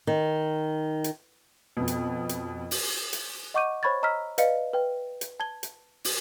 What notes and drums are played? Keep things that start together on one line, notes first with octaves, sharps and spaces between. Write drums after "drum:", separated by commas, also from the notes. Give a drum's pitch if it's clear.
D#3
drum: hi-hat
F2 B2
drum: hi-hat
drum: hi-hat
drum: open hi-hat
drum: hi-hat
D#5 F#5 C#6 D6 G6 D#7
C5 C#5 B5 C#6 G#6 A6
D#5 A#5 E6 F6 B6
B4 D5 D#5 F5 C#7, drum: hi-hat
B4 G5
drum: hi-hat
A5 G#6 G7
drum: hi-hat
drum: open hi-hat